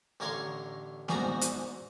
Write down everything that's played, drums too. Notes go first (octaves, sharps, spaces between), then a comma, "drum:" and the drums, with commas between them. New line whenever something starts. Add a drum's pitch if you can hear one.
A1 D3 A#4 C#5 F5 C6
A#1 E2 G#2 D4 F#4 A#5, drum: snare
drum: hi-hat